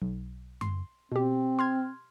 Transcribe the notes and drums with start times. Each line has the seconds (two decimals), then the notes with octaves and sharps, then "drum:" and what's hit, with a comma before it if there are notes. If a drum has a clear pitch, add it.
0.02 B1
0.61 C6, drum: tom F#2
1.12 B2 C4 G4
1.59 C6 F6 G#6